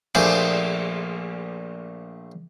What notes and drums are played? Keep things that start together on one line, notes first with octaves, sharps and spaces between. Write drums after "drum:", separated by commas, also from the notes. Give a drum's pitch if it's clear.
A#1 A3 G#4 C5 D6, drum: cymbal